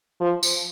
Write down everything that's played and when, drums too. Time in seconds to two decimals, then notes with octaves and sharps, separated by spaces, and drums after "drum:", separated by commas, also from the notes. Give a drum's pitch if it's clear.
0.20 F3
0.43 drum: tambourine